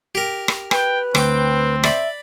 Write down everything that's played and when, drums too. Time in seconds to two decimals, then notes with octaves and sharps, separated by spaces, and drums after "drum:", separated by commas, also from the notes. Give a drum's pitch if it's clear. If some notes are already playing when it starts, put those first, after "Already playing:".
0.15 G4 A#4
0.48 drum: rim click
0.71 B4 G5, drum: rim click
1.15 D2 C4 G5 D6, drum: rim click
1.84 D5 E5 B5, drum: rim click